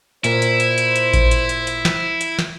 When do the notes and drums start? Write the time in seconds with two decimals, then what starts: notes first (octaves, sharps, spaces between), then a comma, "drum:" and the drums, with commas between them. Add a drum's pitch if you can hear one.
0.24 A#2 E4 A#4 C5, drum: hi-hat
0.42 drum: hi-hat
0.60 drum: hi-hat
0.78 drum: hi-hat
0.96 drum: hi-hat
1.13 drum: kick A1, hi-hat
1.31 drum: hi-hat
1.49 drum: hi-hat
1.67 drum: hi-hat
1.85 drum: snare
2.21 drum: hi-hat
2.39 drum: snare